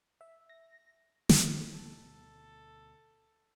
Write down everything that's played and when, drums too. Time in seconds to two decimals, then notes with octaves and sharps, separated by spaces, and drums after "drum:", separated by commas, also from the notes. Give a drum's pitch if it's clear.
0.21 E5
0.49 A#6
1.29 drum: snare
1.72 D2 B2 A4